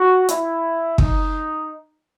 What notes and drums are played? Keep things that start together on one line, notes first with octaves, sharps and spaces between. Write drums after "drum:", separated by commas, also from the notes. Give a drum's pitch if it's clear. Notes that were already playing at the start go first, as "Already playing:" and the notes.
Already playing: F#4
E4, drum: hi-hat
D#4, drum: kick